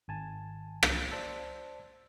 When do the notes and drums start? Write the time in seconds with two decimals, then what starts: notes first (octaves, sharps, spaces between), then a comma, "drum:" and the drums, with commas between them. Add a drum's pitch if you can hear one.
0.08 G#1 G#5 A5
0.83 drum: rim click
1.11 C5 D5 A5 E6